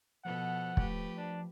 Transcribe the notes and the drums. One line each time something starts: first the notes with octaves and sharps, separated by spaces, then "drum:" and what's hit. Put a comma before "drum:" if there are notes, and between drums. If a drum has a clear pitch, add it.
B2 F3 B3 A4 F#5
A3 G4 B4, drum: kick
D4